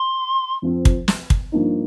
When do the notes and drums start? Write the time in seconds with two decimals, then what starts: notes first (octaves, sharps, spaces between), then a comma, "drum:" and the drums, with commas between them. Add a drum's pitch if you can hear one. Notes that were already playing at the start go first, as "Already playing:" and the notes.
Already playing: C6
0.62 F2 F3 C4
0.85 drum: kick
1.08 drum: snare
1.30 drum: kick
1.52 G2 F3 A#3 D#4